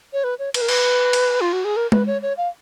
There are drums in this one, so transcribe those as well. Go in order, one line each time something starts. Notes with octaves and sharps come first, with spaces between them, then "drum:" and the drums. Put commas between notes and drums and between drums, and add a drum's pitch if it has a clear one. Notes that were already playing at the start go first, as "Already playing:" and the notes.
C#5
B4
C#5
B4, drum: cymbal
A#4
B4, drum: cymbal
drum: cymbal
F4
F#4
G#4
A#4
B4, drum: tom G#3
C#5
C#5
F5